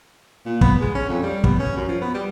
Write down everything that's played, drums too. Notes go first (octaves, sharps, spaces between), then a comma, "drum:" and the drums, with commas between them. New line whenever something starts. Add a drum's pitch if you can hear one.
A#2
B3, drum: kick
G#3
C#4
F2
G3
B3, drum: kick
C#4
F#2
F3
B3
G3